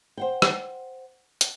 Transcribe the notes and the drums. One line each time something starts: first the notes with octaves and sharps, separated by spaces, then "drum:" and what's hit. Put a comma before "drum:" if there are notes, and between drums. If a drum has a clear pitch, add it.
C5 F#5 G5
drum: rim click
drum: hi-hat